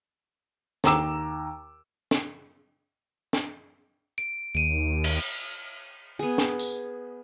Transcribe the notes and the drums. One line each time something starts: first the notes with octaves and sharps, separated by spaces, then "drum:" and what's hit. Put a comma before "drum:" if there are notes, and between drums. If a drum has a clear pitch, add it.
D#2 A#5 D6 E6 E7, drum: snare
drum: snare
drum: snare
D7
D#2 D7 D#7
drum: cymbal
B3 G#4
drum: snare
drum: tambourine